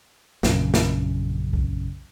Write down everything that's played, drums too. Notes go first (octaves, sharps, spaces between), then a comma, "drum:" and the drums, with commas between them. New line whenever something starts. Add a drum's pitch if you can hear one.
A#1 F#2 C#3, drum: snare
drum: snare
drum: kick C2